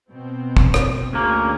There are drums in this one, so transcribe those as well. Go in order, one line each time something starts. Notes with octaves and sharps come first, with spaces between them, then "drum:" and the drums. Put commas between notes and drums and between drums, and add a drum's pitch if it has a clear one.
B2 C4
drum: kick
drum: rim click
D2 A#3 C#4 G#4